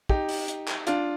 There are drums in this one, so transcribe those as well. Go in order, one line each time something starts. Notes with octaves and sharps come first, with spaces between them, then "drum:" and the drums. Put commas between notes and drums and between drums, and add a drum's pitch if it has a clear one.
D#4 G4, drum: kick
drum: open hi-hat
drum: hi-hat
drum: clap
D4 F4, drum: hi-hat